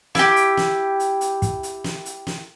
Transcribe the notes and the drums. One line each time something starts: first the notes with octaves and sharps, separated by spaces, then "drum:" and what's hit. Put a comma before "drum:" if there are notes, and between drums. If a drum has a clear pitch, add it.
E4 G4, drum: snare
drum: hi-hat
drum: snare
drum: hi-hat
drum: hi-hat
drum: kick, hi-hat
drum: hi-hat
drum: snare
drum: hi-hat
drum: snare